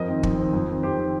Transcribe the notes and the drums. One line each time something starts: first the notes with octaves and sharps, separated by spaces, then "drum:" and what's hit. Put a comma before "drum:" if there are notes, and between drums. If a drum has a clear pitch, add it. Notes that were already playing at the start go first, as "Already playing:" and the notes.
Already playing: F2 A#4 D#5
D#3 C4
F2, drum: kick
D#3 C4
F2
D#3 C4
F2 G4 C5
D#3 C4